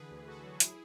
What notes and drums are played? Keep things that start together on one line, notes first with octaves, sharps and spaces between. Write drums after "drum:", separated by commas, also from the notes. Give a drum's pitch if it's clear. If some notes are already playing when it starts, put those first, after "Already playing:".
Already playing: D3 E3 G#4 B4
D2
D2 F#4 A4
F#3
E4 G#4, drum: hi-hat